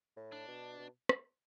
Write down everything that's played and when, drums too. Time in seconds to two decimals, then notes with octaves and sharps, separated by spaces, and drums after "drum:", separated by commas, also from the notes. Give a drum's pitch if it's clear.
0.17 A2
0.32 D4
0.48 B2
0.79 B2
1.09 drum: rim click